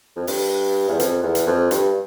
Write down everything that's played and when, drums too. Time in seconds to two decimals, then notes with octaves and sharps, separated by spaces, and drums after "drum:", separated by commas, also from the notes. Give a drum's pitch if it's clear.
0.17 F2
0.27 G2, drum: open hi-hat
0.89 E2
1.00 F2, drum: hi-hat
1.23 E2
1.35 drum: hi-hat
1.47 F2
1.71 G2, drum: hi-hat